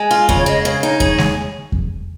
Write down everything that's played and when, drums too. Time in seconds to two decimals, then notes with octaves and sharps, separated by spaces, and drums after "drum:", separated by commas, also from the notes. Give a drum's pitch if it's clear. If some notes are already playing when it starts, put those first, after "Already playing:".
Already playing: G#3 G#5
0.11 F4
0.29 C#3, drum: kick E2
0.37 C#5
0.46 G#3 D#5
0.65 C#3 C#5
0.83 D#4
1.00 G#4, drum: kick E2
1.18 drum: snare G#3
1.72 drum: kick E2